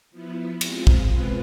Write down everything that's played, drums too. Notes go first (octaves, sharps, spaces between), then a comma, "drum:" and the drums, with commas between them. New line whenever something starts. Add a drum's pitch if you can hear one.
F3 B3 E4
G#3 C4 F4, drum: cymbal
drum: kick
B2 G#3 C4 F4 B4